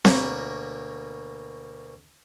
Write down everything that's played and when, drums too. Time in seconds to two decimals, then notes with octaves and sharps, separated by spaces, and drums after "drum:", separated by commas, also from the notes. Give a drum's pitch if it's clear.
0.05 D2 B2 A#3 A#4 B4 C#5, drum: snare C4